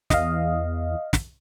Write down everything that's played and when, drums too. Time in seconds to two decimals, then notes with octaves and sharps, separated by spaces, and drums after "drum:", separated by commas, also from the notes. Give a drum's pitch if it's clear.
0.10 E2 D#5 F5, drum: snare
1.13 drum: snare